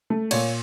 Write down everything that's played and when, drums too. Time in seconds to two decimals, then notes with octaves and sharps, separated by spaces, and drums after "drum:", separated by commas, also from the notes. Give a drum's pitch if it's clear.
0.10 A3
0.31 A#2 C#5, drum: cymbal